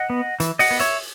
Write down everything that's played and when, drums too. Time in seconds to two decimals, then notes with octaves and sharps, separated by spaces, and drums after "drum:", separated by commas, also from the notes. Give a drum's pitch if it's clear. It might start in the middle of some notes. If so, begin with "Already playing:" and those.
Already playing: D#5 F#5
0.10 B3
0.40 E3, drum: hi-hat
0.59 D#5 F#5, drum: open hi-hat
0.71 B3
0.80 C#5 E5, drum: hi-hat